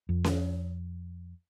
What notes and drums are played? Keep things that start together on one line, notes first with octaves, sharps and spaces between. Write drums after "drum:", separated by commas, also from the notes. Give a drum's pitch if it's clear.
F2
drum: snare C#4